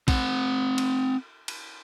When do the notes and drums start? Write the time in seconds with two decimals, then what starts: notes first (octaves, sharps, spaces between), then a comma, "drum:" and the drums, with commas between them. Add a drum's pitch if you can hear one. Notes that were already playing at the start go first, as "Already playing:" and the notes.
0.08 C4 F#5, drum: kick, cymbal
0.78 drum: cymbal
1.48 drum: cymbal